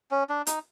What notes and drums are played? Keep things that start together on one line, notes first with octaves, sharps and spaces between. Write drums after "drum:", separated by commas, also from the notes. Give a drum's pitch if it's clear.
C#4
D4
D#4, drum: hi-hat